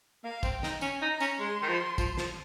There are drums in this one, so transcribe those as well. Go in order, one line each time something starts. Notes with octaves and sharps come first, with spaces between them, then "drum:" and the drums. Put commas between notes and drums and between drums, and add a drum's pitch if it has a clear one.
A#3 F5
C4, drum: kick, tambourine
G5
D#4, drum: snare
C#4 G#5, drum: tambourine
D#4
A#5
C#4, drum: tambourine
G#3 C6
D#3
F3
F3, drum: kick, tambourine
F3, drum: snare